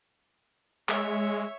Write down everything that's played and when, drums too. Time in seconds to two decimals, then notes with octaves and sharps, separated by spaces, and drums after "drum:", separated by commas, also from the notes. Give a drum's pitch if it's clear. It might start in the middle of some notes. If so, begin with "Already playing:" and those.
0.89 G#3 C#5 E5, drum: clap